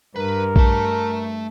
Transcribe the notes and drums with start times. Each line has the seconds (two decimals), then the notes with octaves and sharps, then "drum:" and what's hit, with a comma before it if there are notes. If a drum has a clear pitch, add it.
0.16 G2 A#4 B4
0.56 A3 A5, drum: kick A#1